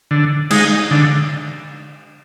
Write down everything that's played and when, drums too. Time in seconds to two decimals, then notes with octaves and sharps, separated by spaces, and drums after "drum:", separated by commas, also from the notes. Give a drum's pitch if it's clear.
0.11 D3
0.51 G#3 D#4, drum: cymbal
0.91 D3